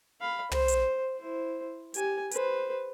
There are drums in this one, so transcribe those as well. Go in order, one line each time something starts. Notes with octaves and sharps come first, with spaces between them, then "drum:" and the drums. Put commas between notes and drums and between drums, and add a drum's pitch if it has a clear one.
F5 B5
C5, drum: tom
drum: hi-hat
E4 C5
G4 G#5, drum: hi-hat
B4 C5, drum: hi-hat